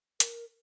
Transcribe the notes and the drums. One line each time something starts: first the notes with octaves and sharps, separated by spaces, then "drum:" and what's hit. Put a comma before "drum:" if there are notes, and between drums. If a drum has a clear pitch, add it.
A#4, drum: hi-hat